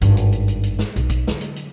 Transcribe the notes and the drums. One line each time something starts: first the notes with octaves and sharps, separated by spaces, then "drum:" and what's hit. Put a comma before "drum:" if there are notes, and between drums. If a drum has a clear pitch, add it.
G#1 G2, drum: hi-hat
drum: hi-hat
drum: hi-hat
drum: hi-hat
drum: hi-hat
drum: snare
B1, drum: hi-hat
drum: kick, hi-hat
D3 F#3, drum: snare
drum: hi-hat
drum: hi-hat